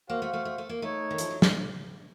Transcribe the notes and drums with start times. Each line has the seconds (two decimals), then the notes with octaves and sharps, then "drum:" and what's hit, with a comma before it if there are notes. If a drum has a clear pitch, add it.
0.08 A#3 F#4 C5 F5
0.22 A3
0.33 A3
0.45 A3
0.58 A3
0.69 A#3
0.82 A3 D#4 A4 C#5
1.11 D#3
1.18 F3, drum: hi-hat
1.31 F#3
1.42 F#3, drum: snare